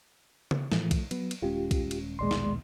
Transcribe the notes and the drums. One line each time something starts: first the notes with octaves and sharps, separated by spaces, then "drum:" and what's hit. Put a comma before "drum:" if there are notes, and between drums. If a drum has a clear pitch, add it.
drum: tom C#3
A2 E3 F3 A3, drum: snare
drum: kick B1, cymbal
F#3 B3, drum: cymbal
drum: cymbal
D#1 G#3 C#4 F4 G4
drum: kick B1, cymbal
drum: cymbal
A#1 D#2 B2 G#3 D5 C6
drum: snare